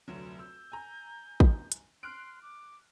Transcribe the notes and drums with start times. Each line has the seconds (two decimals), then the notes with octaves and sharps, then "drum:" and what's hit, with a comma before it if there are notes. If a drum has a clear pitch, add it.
0.08 F1 D2 F#3 E7
0.39 E6 G6
0.72 G#5 A#5
1.40 drum: kick
1.72 drum: hi-hat
2.03 C6 F6 F#6 D7
2.42 D6